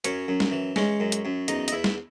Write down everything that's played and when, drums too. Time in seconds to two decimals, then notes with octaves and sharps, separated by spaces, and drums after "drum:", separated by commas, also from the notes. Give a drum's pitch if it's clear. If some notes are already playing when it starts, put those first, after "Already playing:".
0.04 F#2 C#4 C#5, drum: hi-hat
0.28 F#2
0.40 drum: snare
0.52 E3
0.76 G#3 C#4 C#5, drum: snare
1.00 F#2
1.12 drum: hi-hat
1.25 F#2
1.48 E2 D#4 D#5, drum: hi-hat
1.68 D#5, drum: hi-hat
1.72 E2 E4 E5
1.84 drum: snare